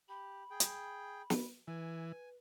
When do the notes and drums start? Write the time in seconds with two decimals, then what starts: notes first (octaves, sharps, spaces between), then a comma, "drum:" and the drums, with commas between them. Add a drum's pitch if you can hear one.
0.09 G4 B5
0.51 G#4 G5
0.60 drum: hi-hat
1.30 drum: snare
1.68 E3 B4 G#5